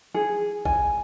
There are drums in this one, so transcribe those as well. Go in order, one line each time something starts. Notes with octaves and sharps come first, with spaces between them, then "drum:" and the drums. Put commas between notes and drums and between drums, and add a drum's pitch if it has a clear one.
G#4
G#5, drum: kick A1